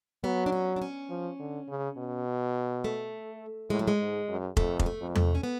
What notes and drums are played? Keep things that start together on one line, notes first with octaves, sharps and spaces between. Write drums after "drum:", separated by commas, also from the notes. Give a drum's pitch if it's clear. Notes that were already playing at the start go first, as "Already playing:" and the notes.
F#3 B3
D4
C#4
D4
C#4
F3
D3
C#3
B2
A3
A2 G#3
F#3
G#3
G#2
F#2
F2 A3, drum: kick
B3, drum: kick
A3
F2
A3, drum: tom E2
C#4
B3